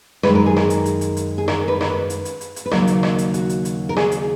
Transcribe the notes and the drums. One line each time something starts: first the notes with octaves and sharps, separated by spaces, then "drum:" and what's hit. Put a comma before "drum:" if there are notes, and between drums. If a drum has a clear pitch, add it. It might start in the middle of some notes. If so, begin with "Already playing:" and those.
F#2 D#3 G#3 B4, drum: rim click
A#4
G#4
A#4, drum: rim click
drum: hi-hat
drum: hi-hat
drum: hi-hat
drum: hi-hat
G#4
A#4, drum: rim click
B4
A#4, drum: rim click
B4
drum: hi-hat
drum: hi-hat
drum: hi-hat
drum: hi-hat
B4
D#2 C#3 F#3 A#3 A#4, drum: rim click
drum: hi-hat
drum: rim click
drum: hi-hat
F#4, drum: hi-hat
drum: hi-hat
drum: hi-hat
A#4
G#4, drum: rim click
drum: hi-hat